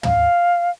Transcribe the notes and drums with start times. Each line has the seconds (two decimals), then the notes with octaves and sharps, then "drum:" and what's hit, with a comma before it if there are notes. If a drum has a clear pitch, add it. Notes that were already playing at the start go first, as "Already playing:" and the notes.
0.03 F5, drum: tom